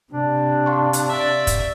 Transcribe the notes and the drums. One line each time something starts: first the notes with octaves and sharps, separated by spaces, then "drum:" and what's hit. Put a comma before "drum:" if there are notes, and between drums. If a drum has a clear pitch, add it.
C3 D4
F5 C6 C#6
drum: hi-hat
D5 E5
drum: kick, hi-hat